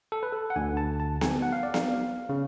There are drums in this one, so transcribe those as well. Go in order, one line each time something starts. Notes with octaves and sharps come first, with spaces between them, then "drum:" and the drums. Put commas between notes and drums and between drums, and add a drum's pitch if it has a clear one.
A4
B4
A4
F#5
D2 D3 G#5
A5
A5
G#5, drum: snare B3
F#5
F5
D5
F5, drum: snare B3
C#3